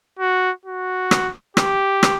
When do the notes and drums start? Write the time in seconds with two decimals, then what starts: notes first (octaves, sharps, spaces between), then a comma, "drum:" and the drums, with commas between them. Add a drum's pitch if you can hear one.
0.19 F#4
0.65 F#4
1.11 drum: rim click
1.57 G4, drum: rim click
2.03 drum: rim click